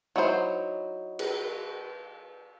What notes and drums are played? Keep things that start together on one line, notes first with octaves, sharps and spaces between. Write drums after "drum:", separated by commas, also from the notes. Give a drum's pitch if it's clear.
F#3 D#4 E4 G#4 C5
drum: cymbal